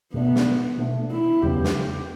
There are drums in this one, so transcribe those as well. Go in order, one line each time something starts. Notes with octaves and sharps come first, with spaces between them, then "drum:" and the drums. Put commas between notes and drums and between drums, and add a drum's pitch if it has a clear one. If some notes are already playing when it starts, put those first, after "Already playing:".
B2 A3 B3 D4
drum: snare
B2 A3 D4
E4
E2 C#3 F#3 B3 G4
drum: snare